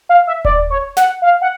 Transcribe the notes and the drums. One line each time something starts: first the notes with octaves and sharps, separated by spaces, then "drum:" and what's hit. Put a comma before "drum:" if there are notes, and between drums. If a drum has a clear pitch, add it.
F5
E5
D5, drum: kick D#1
C#5
F#5, drum: snare
F5
F#5